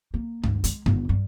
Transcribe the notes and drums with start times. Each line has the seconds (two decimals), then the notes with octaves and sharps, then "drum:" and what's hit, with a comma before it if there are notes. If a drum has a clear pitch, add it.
0.14 A#3
0.43 D2, drum: tom G2
0.64 G#3, drum: hi-hat
0.86 G1, drum: tom G2
1.09 G2